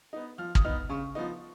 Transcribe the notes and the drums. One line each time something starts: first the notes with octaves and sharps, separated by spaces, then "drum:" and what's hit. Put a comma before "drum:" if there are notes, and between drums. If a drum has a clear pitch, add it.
B3 D#4
F3 F6
D#6, drum: kick
B3 D#4 F6
C#3 C#6
F3 B3 D#4